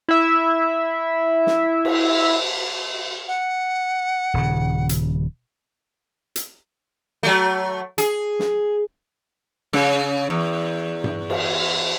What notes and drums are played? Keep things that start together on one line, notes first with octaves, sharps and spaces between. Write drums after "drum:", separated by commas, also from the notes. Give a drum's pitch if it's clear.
E4 E5
drum: snare
drum: cymbal
F#5
D#1 C#3
drum: hi-hat
drum: hi-hat
F#3 A3
G#4, drum: hi-hat
drum: snare
C#3, drum: snare
E2
drum: tom G2
drum: cymbal